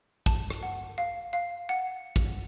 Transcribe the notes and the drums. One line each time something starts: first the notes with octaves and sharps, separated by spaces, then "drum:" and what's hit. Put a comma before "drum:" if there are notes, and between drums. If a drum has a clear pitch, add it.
A5, drum: kick
drum: rim click
F#5
F5
F5
F#5
drum: kick